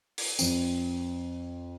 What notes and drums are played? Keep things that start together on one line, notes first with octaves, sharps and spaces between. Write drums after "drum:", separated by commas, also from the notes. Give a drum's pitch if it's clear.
drum: open hi-hat
F2 C4, drum: tambourine